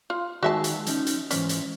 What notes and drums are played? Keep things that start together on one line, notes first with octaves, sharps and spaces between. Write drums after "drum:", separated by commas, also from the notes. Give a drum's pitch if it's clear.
F4
D#3 G#3 F#4 G#4 E5 A5
drum: hi-hat
F3 C#4 D#4, drum: hi-hat
drum: hi-hat
G#2 E3 C#4 C5, drum: hi-hat
drum: hi-hat